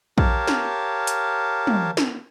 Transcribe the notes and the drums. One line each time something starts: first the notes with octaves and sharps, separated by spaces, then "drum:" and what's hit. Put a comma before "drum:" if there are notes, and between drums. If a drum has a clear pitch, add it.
G4 A#4 C#5 F5 A5, drum: kick A#1
drum: snare
drum: hi-hat
drum: tom
drum: snare